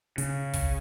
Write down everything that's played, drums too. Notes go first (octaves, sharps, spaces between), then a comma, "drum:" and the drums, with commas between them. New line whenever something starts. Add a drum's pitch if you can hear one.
C#3, drum: hi-hat
drum: kick, open hi-hat